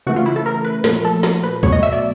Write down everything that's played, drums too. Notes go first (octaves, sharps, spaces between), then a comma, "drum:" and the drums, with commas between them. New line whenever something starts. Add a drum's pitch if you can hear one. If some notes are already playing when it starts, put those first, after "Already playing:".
C#3 E3 A3 F#4
F4
E4
A4
A#4
B4
A#2 F3 A3 A#4, drum: snare
A4
A#4, drum: snare
B4
B2 F#3 A3 C#5, drum: kick
D#5
E5
D5